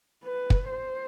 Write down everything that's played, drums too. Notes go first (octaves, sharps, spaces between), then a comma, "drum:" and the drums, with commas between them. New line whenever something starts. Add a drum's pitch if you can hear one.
B4
drum: kick
C5